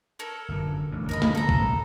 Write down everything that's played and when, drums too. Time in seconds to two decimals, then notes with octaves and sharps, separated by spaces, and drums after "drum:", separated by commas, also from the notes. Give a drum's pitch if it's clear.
0.19 A4 A#4 C#5
0.49 G1 F#2
0.91 A1 G2
1.09 D#1 D2 A#4 D#5 B5
1.22 drum: snare
1.35 A4 A#5
1.49 C2 F#2, drum: kick